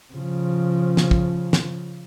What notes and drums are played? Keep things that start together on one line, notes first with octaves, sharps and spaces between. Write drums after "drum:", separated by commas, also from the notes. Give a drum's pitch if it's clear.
C#3 F3
drum: snare
drum: kick
drum: snare